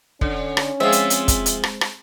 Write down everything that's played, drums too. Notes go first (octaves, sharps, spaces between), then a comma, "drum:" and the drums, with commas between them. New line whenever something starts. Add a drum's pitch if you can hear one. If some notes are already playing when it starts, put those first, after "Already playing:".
D3 C#4, drum: kick
drum: rim click
F3 G#3 C4 F4 G#4 E5
drum: hi-hat
drum: hi-hat
drum: kick, hi-hat
drum: hi-hat
drum: rim click
drum: rim click